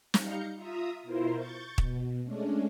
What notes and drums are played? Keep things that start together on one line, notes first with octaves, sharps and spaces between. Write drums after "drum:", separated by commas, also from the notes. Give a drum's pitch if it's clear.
G3 D#4 F5 A#5 G6 C#7, drum: snare
F4 E5 A#5 D#6
B2 E4 F4 A#4 C5
C#6 G6 A6
B2, drum: kick
G#3 A3 C#4 D4